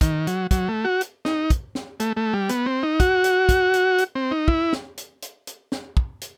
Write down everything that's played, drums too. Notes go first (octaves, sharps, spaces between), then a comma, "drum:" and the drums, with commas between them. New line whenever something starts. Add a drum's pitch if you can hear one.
D#3, drum: kick, hi-hat
F#3, drum: hi-hat
F#3, drum: kick, hi-hat
A3
F#4
drum: hi-hat
D#4, drum: snare
drum: kick, hi-hat
drum: snare
A3, drum: hi-hat
A3
G3
B3, drum: hi-hat
C4
D#4
F#4, drum: kick, hi-hat
drum: hi-hat
drum: kick, hi-hat
drum: hi-hat
drum: hi-hat
C4
D#4
E4, drum: kick
drum: snare
drum: hi-hat
drum: hi-hat
drum: hi-hat
drum: snare
drum: kick
drum: hi-hat